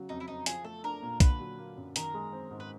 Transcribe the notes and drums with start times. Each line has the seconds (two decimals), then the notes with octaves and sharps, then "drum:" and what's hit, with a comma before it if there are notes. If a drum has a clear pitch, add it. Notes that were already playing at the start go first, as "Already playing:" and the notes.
Already playing: C#3 F#3
0.09 F2 D#4
0.20 E4
0.28 F2 D#4
0.46 F3 G#4, drum: hi-hat
0.65 A3 A4
0.84 D4 A#4
1.02 A#2
1.20 D3 B4, drum: kick B1, hi-hat
1.40 F#3
1.58 A#3
1.77 F#2
1.96 D#3 A#4, drum: hi-hat
2.14 G#3
2.33 C4
2.51 G#2
2.60 B4